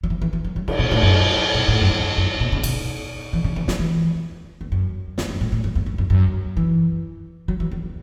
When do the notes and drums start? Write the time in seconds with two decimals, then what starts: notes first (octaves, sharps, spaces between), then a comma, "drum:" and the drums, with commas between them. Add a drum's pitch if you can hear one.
0.03 F#3
0.10 E3
0.22 E3
0.33 E3
0.44 F#3
0.56 F#3
0.68 C#3, drum: cymbal
0.79 B2
0.91 A2, drum: cymbal
1.03 F#2
1.55 B2
1.68 A2
1.81 F#2
1.94 E2
2.18 F#2
2.40 B2
2.52 C#3
2.63 B2, drum: cymbal
3.33 E3
3.44 C#3
3.56 E3
3.68 F#3, drum: snare
3.79 E3
4.61 E2
4.72 F#2
5.18 E2, drum: snare
5.29 F#2
5.41 A2
5.52 A2
5.64 F#2
5.75 E2
5.86 F#2
5.98 F#2
6.10 F#2
6.57 E3
7.48 F#3
7.60 E3
7.71 E2